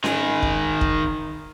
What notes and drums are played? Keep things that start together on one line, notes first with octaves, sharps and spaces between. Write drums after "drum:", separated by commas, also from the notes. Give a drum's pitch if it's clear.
D#3 G#4, drum: snare C#4
drum: kick
drum: kick